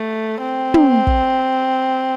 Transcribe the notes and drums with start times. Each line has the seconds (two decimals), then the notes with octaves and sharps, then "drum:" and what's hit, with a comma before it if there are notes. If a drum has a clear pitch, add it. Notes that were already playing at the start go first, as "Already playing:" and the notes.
Already playing: A3
0.41 C4
0.74 drum: tom
1.07 drum: kick